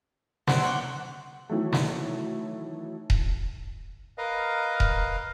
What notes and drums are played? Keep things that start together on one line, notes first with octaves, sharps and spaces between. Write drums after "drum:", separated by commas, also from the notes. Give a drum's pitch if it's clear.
E4 C5 F#5, drum: snare
C#5 G5 D6
D#3 E3 F#3 A3
drum: snare
drum: kick D#1
A#4 B4 D#5 F5
drum: kick D#1